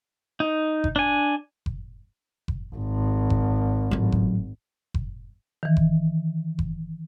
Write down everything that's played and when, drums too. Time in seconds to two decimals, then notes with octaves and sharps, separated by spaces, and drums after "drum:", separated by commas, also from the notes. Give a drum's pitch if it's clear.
0.40 D#4
0.84 drum: kick F#1
0.96 D4 G#5
1.66 drum: kick F#1
2.48 drum: kick F#1
2.75 G#1
3.30 drum: kick F#1
3.91 A1 F#3
4.12 drum: kick F#1
4.94 drum: kick F#1
5.63 D#3 E3
5.77 drum: kick F#1
6.59 drum: kick F#1